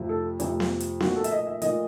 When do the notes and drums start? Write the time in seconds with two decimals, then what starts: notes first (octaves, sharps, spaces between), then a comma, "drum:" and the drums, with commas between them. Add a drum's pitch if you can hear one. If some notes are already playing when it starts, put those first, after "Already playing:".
Already playing: F2 C3 F3 A3
0.09 A4
0.40 F2 C3 F3 A3, drum: hi-hat
0.60 drum: snare B3
0.80 drum: hi-hat
1.00 A#2 F3 A3 F#4, drum: snare B3
1.16 A4
1.24 E5, drum: hi-hat
1.31 D#5
1.47 E5
1.62 A#2 F3 A3 D#5, drum: hi-hat